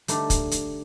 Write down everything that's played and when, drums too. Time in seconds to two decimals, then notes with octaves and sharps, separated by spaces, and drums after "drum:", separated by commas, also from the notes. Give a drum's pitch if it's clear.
0.08 D3 G3 A3 D#4 B4, drum: hi-hat
0.30 drum: kick, hi-hat
0.51 drum: hi-hat